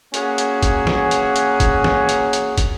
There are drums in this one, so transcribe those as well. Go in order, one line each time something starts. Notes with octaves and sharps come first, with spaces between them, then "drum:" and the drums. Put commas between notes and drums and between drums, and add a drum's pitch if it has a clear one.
A#3 C#4 F#4 G#4, drum: hi-hat
drum: hi-hat
drum: kick, hi-hat
drum: snare
drum: hi-hat
drum: hi-hat
drum: kick, hi-hat
drum: snare
drum: hi-hat
drum: hi-hat
drum: kick, hi-hat